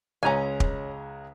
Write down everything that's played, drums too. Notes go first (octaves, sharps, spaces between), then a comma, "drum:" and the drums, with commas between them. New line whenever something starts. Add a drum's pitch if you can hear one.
C#2 G#3 C#4 G#5 A#5
drum: kick